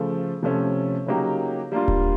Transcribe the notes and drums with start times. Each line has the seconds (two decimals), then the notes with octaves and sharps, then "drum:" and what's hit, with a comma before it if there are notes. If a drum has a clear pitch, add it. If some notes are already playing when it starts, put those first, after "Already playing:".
Already playing: C#3 F3 A3
0.43 C3 F3 A3 C#4
1.06 C#3 F#3 A#3 D#4 G4
1.72 G3 A#3 D4 F4
1.88 drum: kick D#1